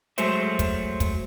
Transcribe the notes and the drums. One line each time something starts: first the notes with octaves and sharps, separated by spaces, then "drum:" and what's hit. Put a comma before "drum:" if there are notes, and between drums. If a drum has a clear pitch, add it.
F#3 G#3 A3 C5 E5, drum: hi-hat
drum: kick, hi-hat
drum: kick, hi-hat